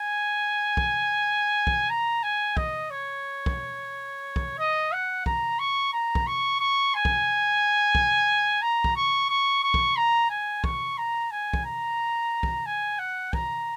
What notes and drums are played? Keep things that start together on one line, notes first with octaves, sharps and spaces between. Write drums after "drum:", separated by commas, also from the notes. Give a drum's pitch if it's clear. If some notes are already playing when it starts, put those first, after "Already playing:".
Already playing: G#5
drum: kick
drum: kick
A#5
G#5
D#5, drum: kick
C#5
drum: kick
drum: kick
D#5
F#5
A#5, drum: kick
C#6
A#5
drum: kick
C#6
C#6
G#5
drum: kick
drum: kick
A#5
drum: kick
C#6
C#6
C#6
drum: kick
A#5
G#5
C#6, drum: kick
A#5
G#5
drum: kick
A#5
drum: kick
G#5
F#5
A#5, drum: kick